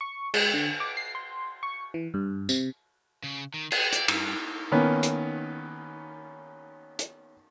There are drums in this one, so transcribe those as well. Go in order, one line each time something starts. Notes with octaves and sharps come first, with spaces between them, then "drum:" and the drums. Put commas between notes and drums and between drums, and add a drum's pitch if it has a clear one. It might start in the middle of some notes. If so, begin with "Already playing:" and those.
C#6
G#3, drum: cymbal
D3
D6
C7
C6
C#6
E3
G2
C3, drum: tambourine
C#3
D#3
G#4, drum: cymbal
D5, drum: hi-hat
G2, drum: cymbal
D#3 A#3 B3 C#4
drum: hi-hat
drum: hi-hat